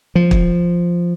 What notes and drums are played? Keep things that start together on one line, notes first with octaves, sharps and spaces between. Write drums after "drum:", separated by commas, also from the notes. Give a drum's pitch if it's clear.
F3
drum: kick